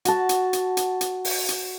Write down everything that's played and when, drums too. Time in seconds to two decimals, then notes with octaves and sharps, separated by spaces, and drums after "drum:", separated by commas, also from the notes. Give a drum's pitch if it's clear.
0.05 F#4 A5, drum: hi-hat
0.29 drum: hi-hat
0.53 drum: hi-hat
0.77 drum: hi-hat
1.01 drum: hi-hat
1.25 drum: open hi-hat
1.48 drum: hi-hat